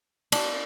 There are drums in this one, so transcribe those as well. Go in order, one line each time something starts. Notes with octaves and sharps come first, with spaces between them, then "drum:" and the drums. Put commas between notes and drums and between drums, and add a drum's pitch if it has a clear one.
D4, drum: cymbal